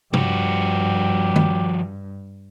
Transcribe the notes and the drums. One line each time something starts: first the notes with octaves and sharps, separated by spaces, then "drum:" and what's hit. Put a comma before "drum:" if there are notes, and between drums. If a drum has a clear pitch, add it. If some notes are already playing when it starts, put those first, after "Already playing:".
G2 F3 F#4 G4, drum: tom C3
drum: tom D#3